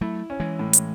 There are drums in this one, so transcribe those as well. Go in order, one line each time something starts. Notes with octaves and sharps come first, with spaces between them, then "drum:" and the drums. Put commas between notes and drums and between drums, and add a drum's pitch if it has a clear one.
F#3 A3 E4
C#4
E3 G#3
A2
drum: hi-hat